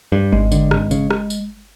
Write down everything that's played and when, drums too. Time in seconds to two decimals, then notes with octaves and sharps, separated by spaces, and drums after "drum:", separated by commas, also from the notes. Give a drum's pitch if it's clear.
0.12 G2
0.32 G#1 G#3, drum: kick G#1
0.52 D3, drum: tambourine
0.71 G#1, drum: rim click
0.91 C#3, drum: tambourine
1.11 drum: rim click
1.30 drum: tambourine